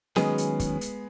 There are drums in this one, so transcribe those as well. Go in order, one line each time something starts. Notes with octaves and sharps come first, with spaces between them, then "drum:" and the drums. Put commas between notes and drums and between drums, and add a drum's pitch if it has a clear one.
D#3 F#3 G#3 B3 C#4 G#4, drum: snare
drum: hi-hat
drum: kick, hi-hat
drum: hi-hat